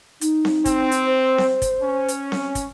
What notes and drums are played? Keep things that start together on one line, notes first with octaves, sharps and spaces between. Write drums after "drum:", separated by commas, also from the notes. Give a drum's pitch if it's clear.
D#4, drum: hi-hat
drum: snare C4
C4, drum: kick, hi-hat
drum: hi-hat
C5
drum: snare C4
drum: kick, hi-hat
C#4
drum: hi-hat
drum: snare C4
drum: kick, hi-hat